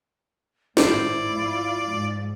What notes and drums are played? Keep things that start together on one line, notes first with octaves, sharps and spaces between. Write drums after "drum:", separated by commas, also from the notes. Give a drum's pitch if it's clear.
G#1 A2 E4 C5 D5, drum: snare
F4
G#2